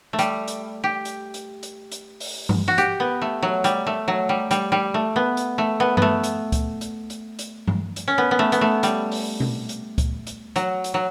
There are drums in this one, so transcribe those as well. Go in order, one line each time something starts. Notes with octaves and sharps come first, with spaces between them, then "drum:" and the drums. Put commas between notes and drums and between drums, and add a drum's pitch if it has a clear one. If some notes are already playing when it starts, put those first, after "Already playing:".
A3
G3, drum: hi-hat
drum: hi-hat
G4
drum: hi-hat
drum: hi-hat
drum: hi-hat
drum: hi-hat
drum: open hi-hat
drum: tom G2
F#4
G4, drum: hi-hat
B3
A3
F#3
G3, drum: hi-hat
A3
F#3
G3
G3, drum: hi-hat
G3
A3
B3
drum: hi-hat
A3
B3
A3 B3, drum: tom G2
drum: hi-hat
drum: kick C#2, hi-hat
drum: hi-hat
drum: hi-hat
drum: hi-hat
drum: tom G2
drum: hi-hat
C#4
B3
B3
A3
B3, drum: hi-hat
A3
G3, drum: hi-hat
drum: open hi-hat
drum: tom B2
drum: hi-hat
drum: kick C#2, hi-hat
drum: hi-hat
F#3, drum: hi-hat
drum: hi-hat
F#3